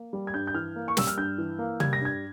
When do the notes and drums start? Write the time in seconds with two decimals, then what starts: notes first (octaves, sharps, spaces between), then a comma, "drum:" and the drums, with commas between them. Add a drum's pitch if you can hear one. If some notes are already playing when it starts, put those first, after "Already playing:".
Already playing: A#3
0.13 G3
0.27 G#6
0.34 G2 G6
0.47 G6
0.54 E3 F6
0.76 A#3
0.88 C#6
0.97 G3 E6, drum: snare
1.07 F6
1.17 G2 G6
1.38 E3
1.59 A#3
1.80 G3 G#6, drum: tom
1.93 A#6
2.01 G2 G#6